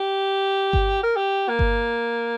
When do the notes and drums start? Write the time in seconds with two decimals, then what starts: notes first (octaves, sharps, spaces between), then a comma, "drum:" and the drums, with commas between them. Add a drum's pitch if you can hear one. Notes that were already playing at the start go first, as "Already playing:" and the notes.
Already playing: G4
0.73 drum: kick G1
1.03 A#4
1.16 G4
1.48 A#3
1.59 drum: kick G1